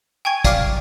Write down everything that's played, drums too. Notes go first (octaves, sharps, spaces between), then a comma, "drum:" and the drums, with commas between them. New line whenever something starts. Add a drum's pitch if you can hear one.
G5 G#5 C#6 G#6
D5 F5 D6 F6, drum: kick, hi-hat